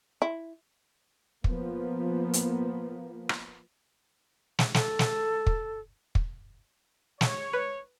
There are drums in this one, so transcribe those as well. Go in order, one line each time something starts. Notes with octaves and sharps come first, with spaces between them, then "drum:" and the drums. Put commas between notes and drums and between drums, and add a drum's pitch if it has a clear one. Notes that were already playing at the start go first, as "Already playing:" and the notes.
E4
F3 A#3 B3, drum: kick
drum: hi-hat
drum: rim click
drum: snare
A4, drum: snare
drum: snare
drum: kick
drum: kick
C#5, drum: snare
B4